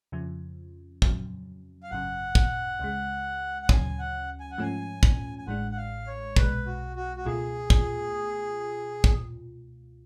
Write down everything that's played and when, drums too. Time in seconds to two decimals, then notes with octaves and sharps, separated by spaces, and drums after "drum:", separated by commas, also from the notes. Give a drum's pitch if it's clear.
0.12 F2 C#3 F3
1.02 F2 C#3 F#3, drum: kick
1.83 F5
1.91 G#1 F#2 C#3 F#5
2.35 drum: kick
2.79 C#2 C#3 G#3
3.62 F#5
3.69 D2 C#3 F#3 C#4 G#5, drum: kick
3.99 F#5
4.40 G#5
4.51 F#5
4.58 G#2 F3 A3 C#4 G#5
5.03 drum: kick
5.38 G#5
5.47 A1 A2 G#3 D4 F#5
5.71 F#5
5.77 F5
6.07 C#5
6.36 B1 B2 G#3 B4, drum: kick
6.66 F#4
6.96 F#4
7.17 F#4
7.25 C#2 B2 A3 F4 G#4
7.70 drum: kick
9.04 drum: kick